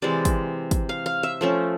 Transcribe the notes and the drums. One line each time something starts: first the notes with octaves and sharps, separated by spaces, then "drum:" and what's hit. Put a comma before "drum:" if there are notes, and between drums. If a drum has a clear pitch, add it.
C3 E3 G#3 D5
drum: kick, hi-hat
drum: kick, hi-hat
F5
F5
E5
F3 A3 C#4